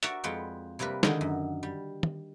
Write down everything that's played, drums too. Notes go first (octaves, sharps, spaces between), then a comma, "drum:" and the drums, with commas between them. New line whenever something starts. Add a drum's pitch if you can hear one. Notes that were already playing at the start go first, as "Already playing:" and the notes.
F#4 A#4 D5 E5 F#5, drum: hi-hat
F2 G#3 F4 B4 F#5 G5
C3 G3 A#3 A#4 B4
D3 D#3 G#3, drum: snare
F#2
G3
drum: tom